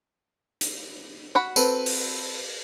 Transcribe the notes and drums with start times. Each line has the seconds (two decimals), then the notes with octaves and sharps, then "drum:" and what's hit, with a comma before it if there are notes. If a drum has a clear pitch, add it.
0.61 drum: hi-hat
1.35 F#4 F#5 B5
1.56 C4 A4 B4, drum: tambourine
1.86 drum: open hi-hat